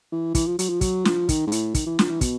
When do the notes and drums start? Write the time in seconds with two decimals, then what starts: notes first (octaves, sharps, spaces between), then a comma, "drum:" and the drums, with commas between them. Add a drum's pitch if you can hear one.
0.12 E3
0.35 E3, drum: kick, hi-hat
0.47 F3
0.59 F#3, drum: hi-hat
0.69 F3
0.81 F#3, drum: kick, hi-hat
1.05 F3, drum: snare
1.29 D#3, drum: kick, hi-hat
1.47 G#2
1.52 A2, drum: hi-hat
1.75 D#3, drum: kick, hi-hat
1.87 E3
1.99 F3, drum: snare
2.10 E3
2.21 B2, drum: kick, hi-hat